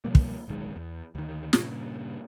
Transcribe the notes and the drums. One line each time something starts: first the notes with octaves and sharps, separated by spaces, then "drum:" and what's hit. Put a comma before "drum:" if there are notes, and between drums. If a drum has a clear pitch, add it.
B2 F3 G3 A#3
drum: kick
D1 B1 D#3 G#3
E2
D2 D#3
G2 A#2 C#3, drum: snare